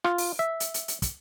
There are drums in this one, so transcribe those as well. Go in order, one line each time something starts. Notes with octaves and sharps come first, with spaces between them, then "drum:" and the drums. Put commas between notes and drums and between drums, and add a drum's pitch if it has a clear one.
F4, drum: rim click
drum: open hi-hat
E5
drum: hi-hat
drum: hi-hat
drum: hi-hat
drum: kick, hi-hat